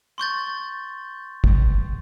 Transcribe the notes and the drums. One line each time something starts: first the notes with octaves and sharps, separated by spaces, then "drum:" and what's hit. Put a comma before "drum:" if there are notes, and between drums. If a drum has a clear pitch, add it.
C6 C#6 G6 A6
drum: kick